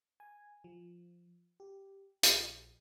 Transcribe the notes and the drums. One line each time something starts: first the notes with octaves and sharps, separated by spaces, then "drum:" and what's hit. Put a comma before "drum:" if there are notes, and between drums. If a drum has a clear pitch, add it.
G#5
F3
G4
A#1, drum: hi-hat